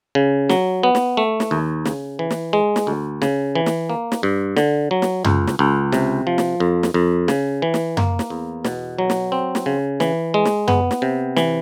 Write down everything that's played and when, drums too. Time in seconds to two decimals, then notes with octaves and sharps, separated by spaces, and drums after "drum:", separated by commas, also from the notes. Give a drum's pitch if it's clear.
0.15 C#3
0.50 F#3, drum: snare
0.83 B3
0.95 drum: snare
1.17 A3
1.40 drum: snare
1.51 D#2
1.85 C#3, drum: snare
2.19 E3
2.31 drum: snare
2.53 G#3
2.76 drum: snare
2.87 D2
3.22 C#3, drum: snare
3.56 E3
3.66 drum: snare
3.90 A#3
4.12 drum: snare
4.23 G2
4.57 D3, drum: snare
4.91 F#3
5.02 drum: snare
5.25 C#2, drum: tom F#2
5.47 drum: snare
5.59 C#2
5.92 C3, drum: snare
6.27 F3
6.38 drum: snare
6.60 F2
6.83 drum: snare
6.94 F2
7.28 C#3, drum: snare
7.62 E3
7.74 drum: snare
7.97 A#3, drum: tom F#2
8.19 drum: snare
8.30 E2
8.65 B2, drum: snare
8.99 F#3
9.10 drum: snare
9.32 C4
9.55 drum: snare
9.66 C#3
10.00 E3, drum: snare
10.34 G#3
10.45 drum: snare
10.68 B3, drum: tom F#2
10.91 drum: snare
11.02 C3
11.37 E3, drum: snare